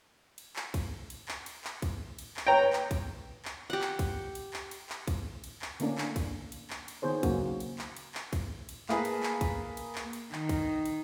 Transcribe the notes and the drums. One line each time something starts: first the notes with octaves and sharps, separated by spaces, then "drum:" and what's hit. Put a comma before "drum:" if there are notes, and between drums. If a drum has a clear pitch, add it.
drum: cymbal
drum: clap
drum: kick, cymbal
drum: cymbal
drum: clap
drum: cymbal
drum: clap
drum: kick, cymbal
drum: cymbal
drum: clap
B4 C#5 G5 A#5 A#6
drum: clap
drum: kick, cymbal
drum: clap
G4 F#5
drum: clap
drum: kick, cymbal
drum: cymbal
drum: clap
drum: cymbal
drum: clap
drum: kick, cymbal
drum: cymbal
drum: clap
D3 A3 A#3 C#4 D4, drum: cymbal
drum: clap
drum: kick, cymbal
drum: cymbal
drum: clap
drum: cymbal
D#3 B3 G#4 C5 C#5
C#3 F#3 A#3 C#4 F#4, drum: kick, cymbal
drum: cymbal
drum: clap
drum: cymbal
drum: clap
drum: kick, cymbal
drum: cymbal
A#3 G#4 B4 A5, drum: clap
drum: cymbal
drum: clap
drum: kick, cymbal
drum: cymbal
drum: clap
drum: cymbal
D#3, drum: clap
drum: kick, cymbal
drum: cymbal